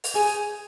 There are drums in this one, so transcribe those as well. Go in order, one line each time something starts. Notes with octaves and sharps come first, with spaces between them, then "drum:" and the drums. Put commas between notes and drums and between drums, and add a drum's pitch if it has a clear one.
drum: open hi-hat
G#4 G#5